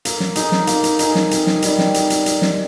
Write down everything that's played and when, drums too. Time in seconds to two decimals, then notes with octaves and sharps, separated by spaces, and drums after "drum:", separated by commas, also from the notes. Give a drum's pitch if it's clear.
0.05 A#3, drum: hi-hat
0.20 drum: snare
0.36 D#4 G#4, drum: hi-hat
0.52 drum: snare
0.67 A#3, drum: hi-hat
0.84 drum: hi-hat
0.99 D#4 G#4, drum: hi-hat
1.15 drum: snare
1.31 C3, drum: hi-hat
1.47 drum: snare
1.62 D#3 G3, drum: hi-hat
1.79 drum: snare
1.94 drum: hi-hat
2.10 drum: hi-hat
2.26 drum: hi-hat
2.42 drum: snare